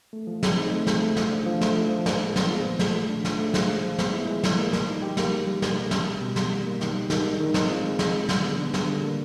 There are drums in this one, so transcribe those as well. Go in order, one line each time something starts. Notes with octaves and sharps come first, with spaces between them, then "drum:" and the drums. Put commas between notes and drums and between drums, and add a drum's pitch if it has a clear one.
A3
F3
C4, drum: snare
D#4
A3
F3, drum: snare
A3
F3, drum: snare
D4
F3
A3, drum: snare
F3
F3
A#2, drum: snare
G#3
B3, drum: snare
F3
A#2
A3, drum: snare
F3
D4
F3, drum: snare
A3
F3, drum: snare
G#3
F3
B3, drum: snare
E4
G#3
F3, drum: snare
A#3
G3, drum: snare
D#4
G4
A#3, drum: snare
G3
G3
B2, drum: snare
A#3
C#4, drum: snare
G3
B2
G3, drum: snare
D#3
A#3
D#3, drum: snare
G3
D#3, drum: snare
G#3
D#3
C4, drum: snare
F4
G#3
D#3, drum: snare
G3
D3, drum: snare
B3
D4
G3, drum: snare
D3
A#3